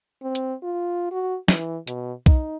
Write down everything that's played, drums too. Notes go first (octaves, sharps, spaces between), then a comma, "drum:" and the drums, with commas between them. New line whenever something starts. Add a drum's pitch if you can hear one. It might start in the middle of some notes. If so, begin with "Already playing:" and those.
C4
drum: hi-hat
F4
F#4
E3, drum: snare
B2, drum: hi-hat
D#4, drum: kick B1